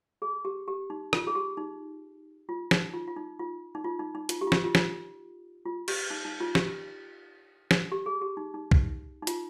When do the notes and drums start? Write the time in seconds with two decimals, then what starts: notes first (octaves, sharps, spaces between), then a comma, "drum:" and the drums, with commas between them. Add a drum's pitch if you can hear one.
0.22 G#4
0.45 G4
0.68 G4
0.90 D#4
1.13 F4, drum: rim click
1.27 G#4
1.35 G4
1.57 D#4
2.49 F4
2.71 D#4, drum: snare
2.93 F4
3.07 F4
3.17 D#4
3.39 F4
3.75 D#4
3.84 F4
3.99 D#4
4.15 D#4
4.29 F4, drum: hi-hat
4.41 G4
4.47 F4
4.52 G4, drum: snare
4.64 F4
4.75 F4, drum: snare
5.66 F4
5.88 G4, drum: cymbal
6.10 D#4
6.25 D#4
6.40 F4
6.55 G4, drum: snare
7.71 drum: snare
7.92 G4
8.06 G#4
8.21 G4
8.37 D#4
8.54 D#4
8.71 drum: kick
9.22 D#4
9.27 F4, drum: hi-hat